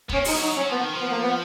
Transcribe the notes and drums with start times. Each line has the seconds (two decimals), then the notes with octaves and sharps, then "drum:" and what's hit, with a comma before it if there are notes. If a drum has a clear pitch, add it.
0.09 B3, drum: kick
0.13 A#3 C#4
0.25 F3 D#4, drum: open hi-hat
0.35 F#3
0.43 D#4
0.57 F#3 C#4
0.69 F3 B3
0.81 D#3
0.94 F3
1.01 B3
1.11 A#3
1.23 B3